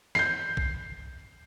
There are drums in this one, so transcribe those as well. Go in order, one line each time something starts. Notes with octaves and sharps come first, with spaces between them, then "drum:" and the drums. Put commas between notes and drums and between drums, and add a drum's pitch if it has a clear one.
G6 C7, drum: snare
drum: kick A#1